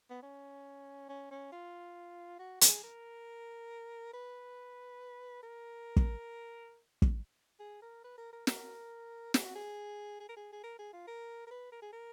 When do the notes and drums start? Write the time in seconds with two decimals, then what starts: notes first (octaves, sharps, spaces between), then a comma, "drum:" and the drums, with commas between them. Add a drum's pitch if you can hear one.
0.10 B3
0.23 C#4
1.09 C#4
1.31 C#4
1.52 F4
2.39 F#4
2.61 G#4, drum: hi-hat
2.84 A#4
4.13 B4
5.43 A#4
5.96 drum: kick
7.02 drum: kick
7.60 G#4
7.82 A#4
8.04 B4
8.18 A#4
8.33 A#4
8.47 A#4, drum: snare
9.34 G#4, drum: snare
9.44 F#4
9.55 G#4
10.20 G#4
10.29 A#4
10.37 G#4
10.53 G#4
10.64 A#4
10.79 G#4
10.93 F4
11.08 A#4
11.47 A#4
11.51 B4
11.72 A#4
11.82 G#4
11.93 A#4